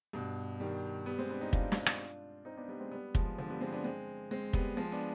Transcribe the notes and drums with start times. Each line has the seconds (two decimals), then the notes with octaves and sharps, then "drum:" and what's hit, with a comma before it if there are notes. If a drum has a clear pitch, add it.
0.13 G2 B2
0.60 D#3 G3
1.06 G3 B3
1.18 G#3 C4
1.30 B3 D4
1.41 C4 D#4
1.53 D4 F4, drum: kick
1.72 drum: snare
1.86 drum: rim click
2.45 C4 D#4
2.57 B3 D4
2.68 G3 B3
2.80 G#3 C4
2.91 G3 B3
3.15 F3 G#3, drum: kick
3.38 D3 F3
3.50 G3 B3
3.61 G#3 C4
3.72 B3 D4
3.84 G#3 C4
4.31 G#3 C4
4.53 G3 B3, drum: kick
4.77 F3 G#3
4.92 B3 D4